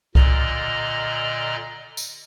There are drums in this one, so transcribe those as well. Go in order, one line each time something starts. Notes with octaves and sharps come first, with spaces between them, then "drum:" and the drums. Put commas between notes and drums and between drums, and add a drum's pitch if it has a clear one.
A#2 D3 D5 D#5 A#5 F6, drum: kick C2
drum: tambourine